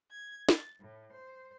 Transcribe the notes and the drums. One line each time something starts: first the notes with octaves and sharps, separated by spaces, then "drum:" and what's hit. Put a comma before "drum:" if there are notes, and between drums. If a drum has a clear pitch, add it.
G#6
A6, drum: snare
A2
C5